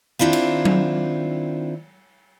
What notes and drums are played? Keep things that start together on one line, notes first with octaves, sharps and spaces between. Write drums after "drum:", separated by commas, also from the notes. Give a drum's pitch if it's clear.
D#3 C4 D4 E4 F4
drum: cymbal
drum: tom F#3